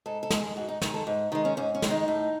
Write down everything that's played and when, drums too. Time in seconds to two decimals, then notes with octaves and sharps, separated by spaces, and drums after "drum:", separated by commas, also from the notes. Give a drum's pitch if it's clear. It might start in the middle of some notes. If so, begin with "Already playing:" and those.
0.06 G#2 A4
0.23 A4
0.30 D#3 G#3, drum: snare
0.39 G#4
0.56 G#2 F#4
0.69 D#4
0.82 D#3 G#3 C#5, drum: snare
0.94 A4
1.07 G#2
1.32 D#3 G#3 D#4
1.45 C#4
1.57 G#2 C#4
1.75 C#4
1.82 D#3 G#3, drum: snare
1.90 D#4
2.08 A2